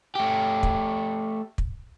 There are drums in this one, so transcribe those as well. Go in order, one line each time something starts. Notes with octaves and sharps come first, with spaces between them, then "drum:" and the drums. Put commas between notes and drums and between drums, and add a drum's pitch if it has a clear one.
A3 G4
drum: kick
drum: kick